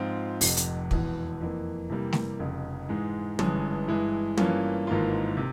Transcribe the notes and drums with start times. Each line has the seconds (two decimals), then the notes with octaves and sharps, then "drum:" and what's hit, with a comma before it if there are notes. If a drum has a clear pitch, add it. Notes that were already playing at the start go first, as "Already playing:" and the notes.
Already playing: G#2 F3 C4 F4
0.41 F1 F2 C3, drum: open hi-hat
0.57 drum: hi-hat
0.91 E1 E2 E3, drum: kick
1.41 F2 E3 A#3
1.90 C3 E3 G3 A#3
2.13 drum: snare A3
2.39 F1 F2 C#3
2.89 G#2 E3 G#3
3.39 G1 G2 E3 G#3 C#4, drum: tom
3.88 G2 E3 G#3 E4
4.37 G2 E3 A#3 C#4 F4, drum: tom
4.87 G#1 G#2 E3 A#3 F4
5.37 C3